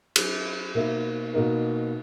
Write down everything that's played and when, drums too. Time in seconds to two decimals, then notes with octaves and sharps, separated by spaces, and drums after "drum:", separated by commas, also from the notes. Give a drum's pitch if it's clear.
0.16 F#3 C#4 E4 G#4, drum: cymbal
0.75 B2 A#3 D#4 A#4 E5
1.34 B2 A#3 D#4 A#4